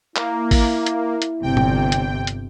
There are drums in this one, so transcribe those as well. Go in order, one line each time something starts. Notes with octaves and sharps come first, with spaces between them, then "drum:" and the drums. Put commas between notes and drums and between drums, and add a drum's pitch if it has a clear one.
A#3 E4, drum: clap
drum: kick, open hi-hat
drum: hi-hat
drum: hi-hat
G1 C3 C4 G5
drum: tom A#2
drum: hi-hat
drum: hi-hat